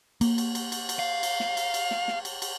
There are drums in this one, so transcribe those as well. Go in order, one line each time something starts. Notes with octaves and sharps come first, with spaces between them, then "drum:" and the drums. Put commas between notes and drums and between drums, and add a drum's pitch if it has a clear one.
A#3, drum: cymbal
drum: cymbal
drum: cymbal
drum: cymbal
drum: cymbal
F5
drum: cymbal
drum: snare
drum: cymbal
drum: cymbal
drum: snare
drum: snare
drum: cymbal
drum: cymbal